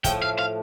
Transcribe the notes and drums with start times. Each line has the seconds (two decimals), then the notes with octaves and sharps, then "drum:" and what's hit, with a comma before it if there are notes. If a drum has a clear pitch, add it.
0.04 A2 F3 A3 G5, drum: kick, hi-hat
0.22 F5
0.39 F5